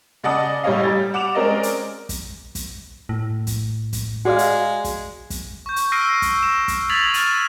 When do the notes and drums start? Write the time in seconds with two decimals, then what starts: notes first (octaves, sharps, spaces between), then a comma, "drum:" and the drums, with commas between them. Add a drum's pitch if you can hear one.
0.24 C#3 D5 D#5 F#5 A5 D#6
0.63 A2 G3 G4 C#5 D#5 F5
0.83 G3 A6
1.14 F#5 D6 E7 F7
1.35 G#3 C4 C#4 A#4 D5 D#5
1.63 drum: hi-hat
2.09 drum: kick, hi-hat
2.55 drum: kick, hi-hat
3.09 A2
3.47 drum: kick, hi-hat
3.93 drum: kick, hi-hat
4.25 G#3 F#4 D5 F5
4.39 drum: hi-hat
4.84 drum: kick, hi-hat
5.30 drum: kick, hi-hat
5.66 C#6 G6
5.76 drum: hi-hat
5.92 E6 F6 A#6 C7 D7 D#7
6.22 drum: kick, hi-hat
6.43 E7
6.68 drum: kick, hi-hat
6.90 D#6 G#6 A6 B6 F7 F#7
7.14 F6 D#7, drum: hi-hat